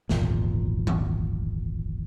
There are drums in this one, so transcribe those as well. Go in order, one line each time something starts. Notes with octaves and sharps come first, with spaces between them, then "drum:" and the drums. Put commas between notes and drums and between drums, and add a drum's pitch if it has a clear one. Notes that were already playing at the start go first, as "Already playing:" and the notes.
D1 G#1 E2 A#2, drum: snare
drum: tom D#3